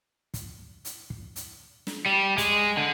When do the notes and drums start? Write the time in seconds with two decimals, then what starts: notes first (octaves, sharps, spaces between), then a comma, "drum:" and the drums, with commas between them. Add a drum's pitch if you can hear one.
0.34 drum: kick, hi-hat
0.85 drum: hi-hat
1.10 drum: kick
1.36 drum: hi-hat
1.87 drum: snare
2.06 G3
2.38 G#3, drum: kick, hi-hat
2.77 D3